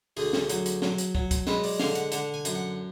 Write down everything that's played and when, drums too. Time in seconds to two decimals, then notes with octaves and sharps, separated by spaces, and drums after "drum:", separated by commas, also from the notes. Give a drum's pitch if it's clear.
0.17 D2 G#4, drum: open hi-hat
0.33 drum: snare
0.49 F#3, drum: hi-hat
0.66 drum: hi-hat
0.82 F#3, drum: snare
0.98 drum: hi-hat
1.15 F#3, drum: kick
1.31 drum: kick, hi-hat
1.47 G#3 B4, drum: snare
1.64 D5, drum: open hi-hat
1.79 D3 F5, drum: snare
1.95 F#5, drum: hi-hat
2.12 D3 F#5, drum: hi-hat
2.34 G#5
2.45 F#2, drum: hi-hat
2.55 F#5